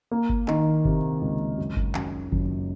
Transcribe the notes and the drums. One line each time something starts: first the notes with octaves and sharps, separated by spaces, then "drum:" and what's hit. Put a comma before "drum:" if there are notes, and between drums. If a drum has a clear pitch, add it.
A#3
drum: kick G1
D#3, drum: clap
C3, drum: kick G1
C#2
F#2
drum: kick G1
F#2, drum: clap
F#1, drum: kick G1